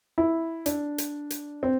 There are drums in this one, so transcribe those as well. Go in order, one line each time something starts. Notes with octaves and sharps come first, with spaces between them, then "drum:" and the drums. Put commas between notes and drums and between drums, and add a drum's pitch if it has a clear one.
E4
D4, drum: hi-hat
drum: hi-hat
drum: hi-hat
C4